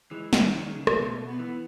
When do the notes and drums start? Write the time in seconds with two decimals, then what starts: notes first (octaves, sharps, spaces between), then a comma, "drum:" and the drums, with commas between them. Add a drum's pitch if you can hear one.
0.11 E3 G#3
0.33 D#3, drum: snare
0.40 F#3
0.54 D#3
0.66 D#3 G#3
0.75 C#3
0.87 drum: rim click
0.97 B2 A3
1.25 B3
1.39 E3